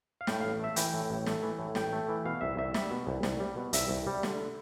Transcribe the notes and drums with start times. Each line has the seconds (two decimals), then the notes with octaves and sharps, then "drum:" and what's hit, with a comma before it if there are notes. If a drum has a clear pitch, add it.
0.21 F5
0.27 A2 G5, drum: snare
0.40 A1 F5
0.60 A3 E5
0.76 E3 G5, drum: hi-hat
0.94 A2
1.10 A1
1.26 A3, drum: snare
1.43 E3
1.59 A2
1.75 A1 G5, drum: snare
1.93 A3
2.09 E3
2.25 B2 F5
2.41 C2 E5
2.57 C2 E5
2.74 G3 E5, drum: snare
2.91 B2
3.07 C2
3.23 C2, drum: snare
3.40 G3
3.56 B2
3.73 C2 E5, drum: hi-hat
3.89 C2
4.07 G3
4.23 D3, drum: snare